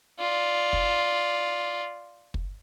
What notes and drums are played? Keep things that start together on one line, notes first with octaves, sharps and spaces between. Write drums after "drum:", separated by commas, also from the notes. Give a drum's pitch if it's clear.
F4 D5
drum: kick
drum: kick